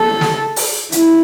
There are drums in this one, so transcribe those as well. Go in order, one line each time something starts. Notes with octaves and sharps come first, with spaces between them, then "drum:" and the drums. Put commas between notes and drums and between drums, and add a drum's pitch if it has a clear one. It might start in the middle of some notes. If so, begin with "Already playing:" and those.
Already playing: A4
drum: snare
drum: open hi-hat
E4, drum: hi-hat